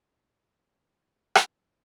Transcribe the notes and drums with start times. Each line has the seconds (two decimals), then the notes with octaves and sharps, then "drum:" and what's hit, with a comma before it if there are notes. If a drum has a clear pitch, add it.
0.09 G3 E4
1.35 drum: rim click